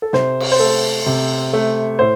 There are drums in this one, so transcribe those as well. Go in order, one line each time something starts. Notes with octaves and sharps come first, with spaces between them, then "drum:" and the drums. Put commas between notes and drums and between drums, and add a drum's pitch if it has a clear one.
A4
C3 C5, drum: snare
drum: cymbal
C5
A3 A4
C3
A3
A2 C5